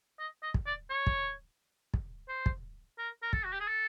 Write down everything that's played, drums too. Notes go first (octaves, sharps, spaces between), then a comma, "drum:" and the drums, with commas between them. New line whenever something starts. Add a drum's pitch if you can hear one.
D#5
D#5
drum: kick
D5
C#5
drum: kick
drum: kick
C5
drum: kick
A#4
A#4
A4, drum: kick
F#4
G4
G#4
A4